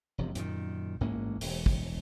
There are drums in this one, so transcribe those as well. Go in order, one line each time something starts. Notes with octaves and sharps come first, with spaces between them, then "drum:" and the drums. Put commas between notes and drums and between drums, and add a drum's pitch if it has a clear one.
E1 F2 C3
F#2 A#2 D3 D#3, drum: hi-hat
A1 G#2 A#3 C#4
E1, drum: open hi-hat
drum: kick